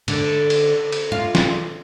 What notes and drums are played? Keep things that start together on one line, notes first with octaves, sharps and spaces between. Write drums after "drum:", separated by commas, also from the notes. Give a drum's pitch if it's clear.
D3, drum: cymbal
drum: cymbal
drum: cymbal
F4
drum: snare